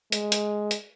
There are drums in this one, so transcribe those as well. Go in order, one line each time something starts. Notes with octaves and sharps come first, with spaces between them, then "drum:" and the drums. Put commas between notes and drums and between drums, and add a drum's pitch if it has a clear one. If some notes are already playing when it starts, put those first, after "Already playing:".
G#3, drum: hi-hat
drum: hi-hat
drum: hi-hat